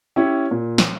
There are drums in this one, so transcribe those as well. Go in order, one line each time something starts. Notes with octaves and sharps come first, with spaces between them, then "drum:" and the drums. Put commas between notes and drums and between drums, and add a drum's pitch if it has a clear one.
C#4 E4 G4 C#5
A#2
drum: snare